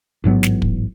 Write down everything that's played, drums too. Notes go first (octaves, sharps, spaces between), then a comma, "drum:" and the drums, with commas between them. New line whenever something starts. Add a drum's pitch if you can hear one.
A1 G#2 F#3 B3
drum: snare
drum: kick